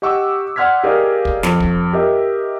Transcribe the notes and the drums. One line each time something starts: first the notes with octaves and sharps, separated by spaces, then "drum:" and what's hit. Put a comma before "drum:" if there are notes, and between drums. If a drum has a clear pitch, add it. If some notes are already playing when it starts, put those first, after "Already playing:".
G4 D#5 F#5 C#6 D6 E6
D5 F#5 C6 F6 G#6 B6
G4 G#4 A#4 D5 D#5 F5
drum: kick
F2, drum: snare
drum: kick
G4 A#4 D#5 E5